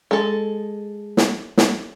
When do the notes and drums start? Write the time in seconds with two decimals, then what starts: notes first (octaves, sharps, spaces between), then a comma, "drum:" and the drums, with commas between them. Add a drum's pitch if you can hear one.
0.11 G#3 A4
1.17 drum: snare
1.58 drum: snare